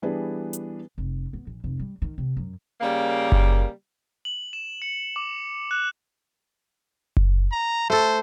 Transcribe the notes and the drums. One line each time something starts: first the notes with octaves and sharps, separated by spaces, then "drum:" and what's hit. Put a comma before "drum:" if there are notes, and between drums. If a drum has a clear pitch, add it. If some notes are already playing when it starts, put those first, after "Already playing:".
E3 G3 B3 D4 G#4 B4
drum: hi-hat
F1
B3
A#1
F1
G3
D#3
C3
F#2
C#3 G3 A#3
drum: kick F#1
F#7
E7
C#7
D6
F#6
drum: kick F#1
A#5
A3 A4 C5